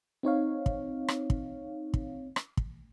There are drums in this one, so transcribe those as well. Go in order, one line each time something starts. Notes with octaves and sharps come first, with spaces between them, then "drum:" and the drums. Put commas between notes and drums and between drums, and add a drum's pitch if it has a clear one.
C4 D#4 C#5 F5
drum: kick
drum: rim click
drum: kick
drum: kick
drum: rim click
drum: kick